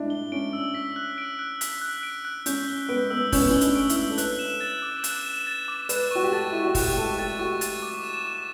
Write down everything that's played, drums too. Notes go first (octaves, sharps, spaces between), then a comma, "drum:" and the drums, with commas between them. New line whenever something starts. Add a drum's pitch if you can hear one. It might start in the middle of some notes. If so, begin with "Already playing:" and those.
Already playing: D4 E4
G7
C#4 D7
E6
B6
F#6
D7
F#6
B6, drum: hi-hat
F#6
D7
F#6
C#4 G6, drum: hi-hat
G7
B3 D7
B3 E6
C#4 G6, drum: kick, open hi-hat
B3
C#4
G7
D4, drum: hi-hat
D7
E4, drum: hi-hat
E6
A4
B4 F#6, drum: hi-hat
E7
A6
D6
F#6, drum: hi-hat
E7
A6
D6
B4 F#6, drum: hi-hat
F#4 C#6
G4
A4 A6
E4 C#6
F#4
G4 F#6, drum: kick, open hi-hat
G4
A4 C#6
G4 A6
F#4 C#6
A6, drum: hi-hat
D6
E7
D6